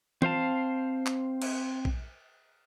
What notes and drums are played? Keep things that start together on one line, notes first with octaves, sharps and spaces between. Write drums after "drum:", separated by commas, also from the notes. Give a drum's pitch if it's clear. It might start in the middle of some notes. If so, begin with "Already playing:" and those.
C4 C5 F5 A5, drum: tom E3
drum: clap
drum: cymbal
drum: kick A#1